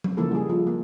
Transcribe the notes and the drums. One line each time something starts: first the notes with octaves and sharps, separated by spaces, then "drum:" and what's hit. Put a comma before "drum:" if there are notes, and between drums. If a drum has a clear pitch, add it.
drum: tom F#3
C#3 E3 F3 A#3 E4 A4
G3 G#4
F3 F4
A#3